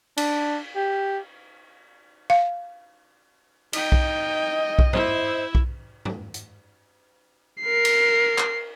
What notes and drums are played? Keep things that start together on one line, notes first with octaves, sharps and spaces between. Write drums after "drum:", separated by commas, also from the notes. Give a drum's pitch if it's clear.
D4, drum: cymbal
G4
F5
D#4 D#5 G5, drum: cymbal
drum: kick B1
drum: kick B1
E4 C5 E5, drum: tom
drum: kick B1
drum: tom
drum: hi-hat
A#4 C7
drum: cymbal
drum: clap